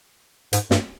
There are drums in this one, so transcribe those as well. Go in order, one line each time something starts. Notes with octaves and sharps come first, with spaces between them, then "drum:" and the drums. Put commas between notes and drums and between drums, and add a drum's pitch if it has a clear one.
G#2, drum: hi-hat
G2, drum: snare